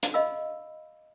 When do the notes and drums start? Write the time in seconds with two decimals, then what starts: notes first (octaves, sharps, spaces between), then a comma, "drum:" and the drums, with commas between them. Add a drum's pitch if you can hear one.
0.03 drum: hi-hat
0.14 D#5 F5 B5 E6